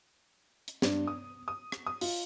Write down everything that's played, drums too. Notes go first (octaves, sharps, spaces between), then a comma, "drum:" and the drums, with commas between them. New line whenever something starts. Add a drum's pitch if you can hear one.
drum: hi-hat
G2, drum: snare
D#6
D#6
drum: rim click
D#6
F4, drum: open hi-hat